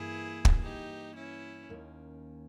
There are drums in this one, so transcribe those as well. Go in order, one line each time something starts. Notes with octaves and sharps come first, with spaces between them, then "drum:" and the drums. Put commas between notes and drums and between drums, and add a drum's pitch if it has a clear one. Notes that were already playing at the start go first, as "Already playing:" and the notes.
Already playing: G2 E3 A#3 E4 G#4
drum: kick
D#4 G4
C#4 E4
D#2 D#3 A#3 C#4